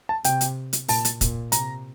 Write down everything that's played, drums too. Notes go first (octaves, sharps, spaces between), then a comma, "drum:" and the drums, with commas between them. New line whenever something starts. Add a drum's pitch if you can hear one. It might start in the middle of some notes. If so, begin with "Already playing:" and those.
A5
C3 G5, drum: hi-hat
drum: hi-hat
drum: hi-hat
A#2 A5, drum: open hi-hat
drum: hi-hat
A#2, drum: kick, hi-hat
C3 A#5, drum: hi-hat